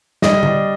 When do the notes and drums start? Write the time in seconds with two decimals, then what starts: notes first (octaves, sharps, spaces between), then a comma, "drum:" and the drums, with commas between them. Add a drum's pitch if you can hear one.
0.22 G3 D#5, drum: snare
0.43 D4, drum: tom D3